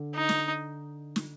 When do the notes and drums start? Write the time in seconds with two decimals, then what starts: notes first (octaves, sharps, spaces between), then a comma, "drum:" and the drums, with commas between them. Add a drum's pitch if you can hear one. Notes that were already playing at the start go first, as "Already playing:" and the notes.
Already playing: D3
0.14 D#4
0.29 drum: snare
1.16 drum: snare